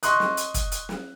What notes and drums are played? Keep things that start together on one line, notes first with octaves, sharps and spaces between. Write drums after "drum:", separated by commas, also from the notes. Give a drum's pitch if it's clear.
D#5 C6 C#6 D#6 F#6, drum: hi-hat
drum: snare
drum: hi-hat
drum: kick, hi-hat
drum: hi-hat
drum: snare